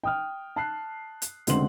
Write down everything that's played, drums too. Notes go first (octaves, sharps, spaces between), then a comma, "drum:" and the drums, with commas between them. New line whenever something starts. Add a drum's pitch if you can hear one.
G5 D#6 F6
A5 F#6 C7
drum: hi-hat
F1 C#2 D3 C4 C6 F#7, drum: hi-hat